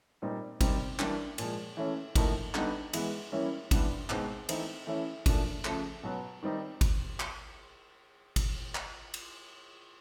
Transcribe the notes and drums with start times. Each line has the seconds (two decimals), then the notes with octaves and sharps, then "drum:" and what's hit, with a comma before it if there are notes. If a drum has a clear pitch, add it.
0.22 A#2 G3 C4 D#4
0.61 C3 D#3 G3 C4 D#4, drum: kick G1, cymbal
0.99 E3 G3 A#3 D4, drum: clap
1.38 A#2 F3 G#3, drum: cymbal
1.77 E3 A3 C#4
2.15 A2 F3 A#3 D#4, drum: kick G1, cymbal
2.55 D3 G3 B3 D#4, drum: clap
2.93 E3 G#3 B3, drum: cymbal
3.32 E3 G3 A#3 C#4 E4
3.71 E3 G3 B3 D4, drum: kick G1, cymbal
4.10 B2 G#3 C4 D#4, drum: clap
4.49 E3 A3 C4 D#4, drum: cymbal
4.87 E3 A3 C#4 E4
5.26 A#2 F3 A3 D4, drum: kick G1, cymbal
5.65 C#3 F3 A3, drum: clap
6.03 B2 F#3 B3
6.43 D#3 G3 C4 D#4
6.81 drum: kick G1, cymbal
7.20 drum: clap
8.36 drum: kick G1, cymbal
8.75 drum: clap
9.14 drum: cymbal